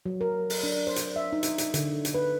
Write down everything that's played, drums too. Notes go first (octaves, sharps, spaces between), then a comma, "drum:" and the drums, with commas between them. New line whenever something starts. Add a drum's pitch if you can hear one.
F#3
A#4
drum: open hi-hat
D4
C5
drum: hi-hat
E5
D#4
drum: hi-hat
drum: hi-hat
D3, drum: hi-hat
drum: hi-hat
B4